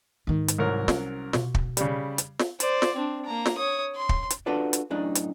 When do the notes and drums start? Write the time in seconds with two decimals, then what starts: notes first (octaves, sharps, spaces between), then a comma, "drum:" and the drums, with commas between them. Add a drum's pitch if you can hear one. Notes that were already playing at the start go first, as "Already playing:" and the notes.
0.27 G#2 D#3
0.48 drum: hi-hat
0.59 C2 F#3 A#4
0.88 C#4, drum: snare
1.33 B2, drum: snare
1.54 drum: kick
1.77 C#3 G3, drum: hi-hat
2.18 drum: hi-hat
2.39 drum: snare
2.60 C5 D5, drum: hi-hat
2.82 drum: snare
2.95 C4 D4
3.25 A#3 A#5
3.46 drum: snare
3.58 C#5 D#6
3.95 C6
4.09 drum: kick
4.30 drum: hi-hat
4.46 D4 F4 F#4 A4 B4 D5
4.73 drum: hi-hat
4.90 F#2 A2 D4 D#4
5.15 drum: hi-hat